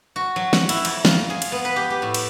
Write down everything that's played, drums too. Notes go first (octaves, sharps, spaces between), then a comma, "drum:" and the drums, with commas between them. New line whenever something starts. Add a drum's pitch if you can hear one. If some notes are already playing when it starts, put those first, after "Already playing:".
F#4
F#3
F#5, drum: snare
E4, drum: cymbal
F2, drum: cymbal
F4, drum: snare
G#4
drum: cymbal
B3
B4
G4
G4
A2
drum: cymbal